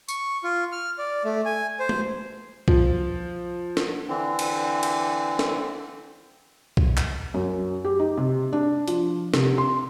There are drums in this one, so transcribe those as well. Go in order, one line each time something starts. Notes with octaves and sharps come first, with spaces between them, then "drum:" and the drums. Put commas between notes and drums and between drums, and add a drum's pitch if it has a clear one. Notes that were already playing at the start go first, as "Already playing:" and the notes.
C#6, drum: tambourine
F4
F6
D5
A3
G#5
C5
drum: tom G#3
F3, drum: kick B1
drum: snare
D3 E3 C4
drum: cymbal
drum: cymbal
drum: snare
drum: kick B1
drum: clap
F#2
G4
D#4
C3
D4
F3, drum: hi-hat
C3, drum: snare
C6